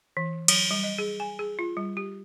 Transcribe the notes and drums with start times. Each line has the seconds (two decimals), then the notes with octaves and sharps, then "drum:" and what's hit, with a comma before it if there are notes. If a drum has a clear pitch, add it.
0.17 E3
0.48 F#3, drum: cymbal
0.71 G3
0.83 D#5
0.98 G#4
1.20 G#5
1.39 G#4
1.59 F4
1.77 G3
1.97 G4